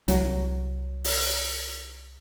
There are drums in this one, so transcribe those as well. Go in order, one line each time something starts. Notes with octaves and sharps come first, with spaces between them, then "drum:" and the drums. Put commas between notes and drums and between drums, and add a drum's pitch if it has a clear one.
C2 F#3, drum: hi-hat
drum: open hi-hat